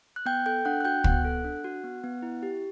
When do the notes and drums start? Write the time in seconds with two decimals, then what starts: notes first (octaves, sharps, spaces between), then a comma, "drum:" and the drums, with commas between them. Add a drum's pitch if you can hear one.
0.16 F#6
0.26 B3 G5 G6
0.46 A4 G5 G6
0.65 D4 F#5 F#6
0.81 F#6
0.85 F#4 G5 G6
1.04 B3 F#5 F#6, drum: kick
1.25 A4
1.44 D4
1.64 F#4
1.84 B3
2.04 B3
2.23 E4
2.43 G4